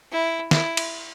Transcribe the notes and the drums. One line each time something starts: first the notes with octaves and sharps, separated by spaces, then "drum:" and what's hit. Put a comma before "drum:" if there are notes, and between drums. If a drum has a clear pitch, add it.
E4
E4, drum: snare
drum: cymbal